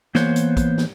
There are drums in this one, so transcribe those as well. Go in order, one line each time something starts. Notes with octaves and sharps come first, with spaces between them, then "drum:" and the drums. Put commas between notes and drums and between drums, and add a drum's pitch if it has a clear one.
E3 A#3 B3 C5 C#5, drum: snare
drum: hi-hat
drum: kick, hi-hat
drum: snare